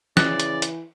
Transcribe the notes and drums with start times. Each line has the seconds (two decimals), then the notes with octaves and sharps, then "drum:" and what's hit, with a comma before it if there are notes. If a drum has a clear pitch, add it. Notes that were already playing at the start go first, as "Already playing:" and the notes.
0.17 C#3 E3 D5 F#6, drum: snare
0.40 drum: hi-hat
0.62 drum: hi-hat